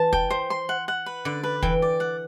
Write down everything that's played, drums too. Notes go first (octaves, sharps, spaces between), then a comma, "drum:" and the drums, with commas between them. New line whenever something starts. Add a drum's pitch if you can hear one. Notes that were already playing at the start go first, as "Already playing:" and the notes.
Already playing: E3 A5
G5, drum: kick
C5
C6
F#5
F#5
B4
D3 D5
B4
E3 G5, drum: kick
D5
F#5